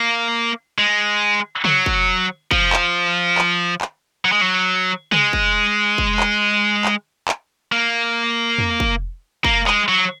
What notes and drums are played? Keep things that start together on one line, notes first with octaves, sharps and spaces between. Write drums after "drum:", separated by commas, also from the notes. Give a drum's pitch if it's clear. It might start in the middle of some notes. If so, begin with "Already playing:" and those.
Already playing: A#3
G#3
F#3, drum: tom
drum: kick
F3, drum: kick
drum: clap
drum: clap
drum: clap
F#3
G#3
F#3
G#3, drum: tom
drum: kick
drum: kick
drum: clap
drum: clap
drum: clap
A#3
drum: tom
drum: kick
A#3, drum: kick
G#3, drum: clap
F#3